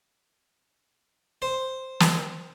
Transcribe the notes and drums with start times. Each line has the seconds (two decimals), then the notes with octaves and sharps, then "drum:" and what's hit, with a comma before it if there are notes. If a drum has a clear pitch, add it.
1.42 C5
2.00 drum: snare